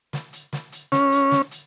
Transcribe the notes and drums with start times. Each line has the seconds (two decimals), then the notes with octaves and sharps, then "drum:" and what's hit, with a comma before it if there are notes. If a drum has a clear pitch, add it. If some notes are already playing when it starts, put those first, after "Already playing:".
0.13 drum: snare
0.33 drum: hi-hat
0.53 drum: snare
0.72 drum: hi-hat
0.92 C#4, drum: snare
1.12 drum: hi-hat
1.32 drum: snare
1.51 drum: hi-hat